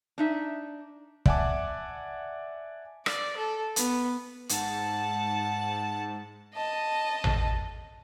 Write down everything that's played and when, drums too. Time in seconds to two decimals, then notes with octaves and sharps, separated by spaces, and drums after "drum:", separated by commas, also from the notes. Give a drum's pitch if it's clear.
0.18 D4 D#4 E5
1.26 D5 E5 F#5 G#5 A5 D6, drum: kick
3.06 D5, drum: rim click
3.37 A4
3.76 B3, drum: hi-hat
4.49 G#2 F#5 A5, drum: hi-hat
6.54 D#5 A5
7.24 drum: tom A1